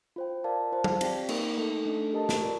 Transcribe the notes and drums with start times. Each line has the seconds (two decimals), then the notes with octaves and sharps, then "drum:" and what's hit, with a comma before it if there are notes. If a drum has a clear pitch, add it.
0.16 F4 C5 G5
0.44 F4 A#4 D5 F5 A5
0.72 F4 C5 F5 A5
0.84 drum: tom F#3
1.01 C4 G4 D5 G5, drum: cymbal
1.29 A#3 D#4 A#4, drum: cymbal
1.57 A3 D#4 A4
1.85 A3 D4 A4
2.13 G4 A#4 D#5 A5
2.29 drum: snare
2.41 F4 A#4 D5